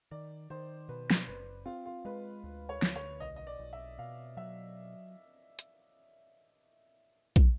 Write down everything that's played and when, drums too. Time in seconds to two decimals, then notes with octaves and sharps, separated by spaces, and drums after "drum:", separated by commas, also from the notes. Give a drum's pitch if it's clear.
0.11 D#3 D5
0.50 D#3 C5
0.89 B2 B4
1.11 drum: snare
1.27 F#1 B4
1.66 C4 F4
1.86 F4
2.05 G#3 B4
2.44 D2
2.69 C#5
2.82 D2, drum: snare
2.96 C#5
3.20 B1 D#5
3.36 D#5
3.47 D5
3.59 B1
3.73 E5
3.99 B2 F5
4.37 F#3 E5
5.59 drum: hi-hat
7.36 drum: kick